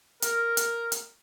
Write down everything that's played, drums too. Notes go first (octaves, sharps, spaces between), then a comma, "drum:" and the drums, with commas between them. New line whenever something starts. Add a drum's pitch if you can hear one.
A#4, drum: hi-hat
drum: hi-hat
drum: hi-hat